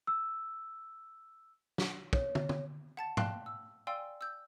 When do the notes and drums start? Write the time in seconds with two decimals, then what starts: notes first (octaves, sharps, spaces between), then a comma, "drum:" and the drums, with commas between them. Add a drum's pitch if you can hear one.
0.07 E6
1.78 drum: snare
2.13 C#5, drum: kick
2.35 drum: tom
2.49 drum: tom
2.97 F#5 A5 A6
3.17 F5 G5 A5 C6 F#6, drum: tom G#2
3.46 E6
3.87 D5 F5 G5 G#5 C6 E6
4.21 E6 G6